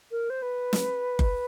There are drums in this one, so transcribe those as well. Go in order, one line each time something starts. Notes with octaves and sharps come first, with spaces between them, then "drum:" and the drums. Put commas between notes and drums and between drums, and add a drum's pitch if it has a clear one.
A#4
C5
B4
drum: snare
drum: kick F#1